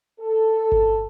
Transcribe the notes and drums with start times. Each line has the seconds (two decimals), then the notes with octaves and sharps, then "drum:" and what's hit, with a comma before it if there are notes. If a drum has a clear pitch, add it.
0.20 A4
0.72 drum: kick G1